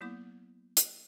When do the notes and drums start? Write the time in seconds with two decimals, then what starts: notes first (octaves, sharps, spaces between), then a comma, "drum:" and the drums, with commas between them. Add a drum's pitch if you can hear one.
0.01 F#3 A#3 B3 E4 D6
0.77 drum: hi-hat